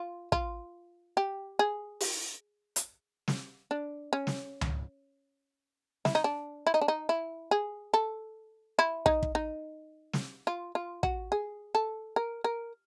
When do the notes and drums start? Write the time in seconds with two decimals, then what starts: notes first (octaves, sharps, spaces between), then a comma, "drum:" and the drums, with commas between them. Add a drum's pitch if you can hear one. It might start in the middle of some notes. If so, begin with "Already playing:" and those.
Already playing: F4
0.32 F4, drum: kick
1.17 G4
1.59 G#4
2.00 drum: open hi-hat
2.76 drum: hi-hat
3.28 drum: snare
3.71 D4
4.13 C#4
4.27 drum: snare
4.61 drum: tom C#2
6.05 E4, drum: snare
6.15 D#4
6.24 D4
6.67 E4
6.74 D#4
6.81 D4
6.88 D#4
7.09 E4
7.51 G#4
7.94 A4
8.79 E4
9.06 D#4, drum: kick
9.23 drum: kick
9.35 D#4
10.13 drum: snare
10.47 F4
10.75 F4
11.03 F#4, drum: kick
11.32 G#4
11.75 A4
12.16 A#4
12.44 A#4